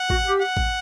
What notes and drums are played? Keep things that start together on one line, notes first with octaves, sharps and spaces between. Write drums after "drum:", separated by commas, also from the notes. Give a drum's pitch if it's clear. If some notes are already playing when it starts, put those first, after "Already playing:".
Already playing: F#5
F#4, drum: kick
G4
F#5
drum: kick